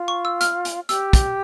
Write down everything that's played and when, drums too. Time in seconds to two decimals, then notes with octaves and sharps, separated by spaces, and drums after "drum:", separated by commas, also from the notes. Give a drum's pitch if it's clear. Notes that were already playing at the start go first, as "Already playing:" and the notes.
Already playing: F4
0.08 C#6
0.25 E6
0.41 F6, drum: hi-hat
0.65 drum: hi-hat
0.89 G4 E6, drum: hi-hat
1.13 drum: kick, hi-hat